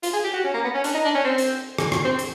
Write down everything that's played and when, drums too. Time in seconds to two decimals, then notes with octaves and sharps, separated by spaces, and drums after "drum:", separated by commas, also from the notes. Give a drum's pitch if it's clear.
0.03 F4, drum: hi-hat
0.14 G#4
0.24 G4
0.34 F#4
0.44 C#4
0.54 A#3
0.64 B3
0.74 C#4
0.84 D4, drum: hi-hat
0.94 D#4
1.05 D4
1.15 C#4
1.25 C4
1.38 drum: hi-hat
1.78 drum: rim click
1.92 drum: rim click
2.05 C4
2.19 drum: hi-hat